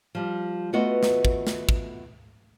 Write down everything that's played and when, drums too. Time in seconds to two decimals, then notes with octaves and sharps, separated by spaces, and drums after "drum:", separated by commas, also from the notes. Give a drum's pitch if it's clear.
0.15 F3 G3
0.73 A3 B3 F4 F#4 B4 D#5
1.03 drum: snare
1.25 drum: kick
1.47 drum: snare
1.69 drum: kick